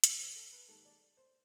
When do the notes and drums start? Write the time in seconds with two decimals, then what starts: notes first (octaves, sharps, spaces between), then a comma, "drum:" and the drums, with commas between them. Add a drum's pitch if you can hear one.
0.04 B2 G#3 B3 D5, drum: hi-hat
0.19 C5
0.36 A4
0.52 B4
0.68 G#2 D#3 G3 A#3 A4
0.85 D5
1.17 C5